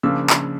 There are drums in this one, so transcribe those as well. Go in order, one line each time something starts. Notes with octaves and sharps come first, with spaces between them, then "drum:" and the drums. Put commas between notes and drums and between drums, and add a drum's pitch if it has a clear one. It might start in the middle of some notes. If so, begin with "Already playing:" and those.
C#3 F3 A#3 D4 E6
drum: clap